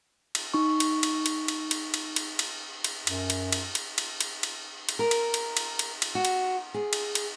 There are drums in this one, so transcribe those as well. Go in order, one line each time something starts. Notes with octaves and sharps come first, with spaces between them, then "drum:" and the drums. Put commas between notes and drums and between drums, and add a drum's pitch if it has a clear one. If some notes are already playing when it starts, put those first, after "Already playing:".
drum: cymbal
D#4 C#6
drum: cymbal
drum: cymbal
drum: cymbal
drum: cymbal
drum: cymbal
drum: cymbal
drum: cymbal
drum: cymbal
drum: cymbal
F#2, drum: cymbal
drum: cymbal
drum: cymbal
drum: cymbal
drum: cymbal
drum: cymbal
drum: cymbal
drum: cymbal
A#4
drum: cymbal
drum: cymbal
drum: cymbal
drum: cymbal
drum: cymbal
F#4
drum: cymbal
G#4
drum: cymbal
drum: cymbal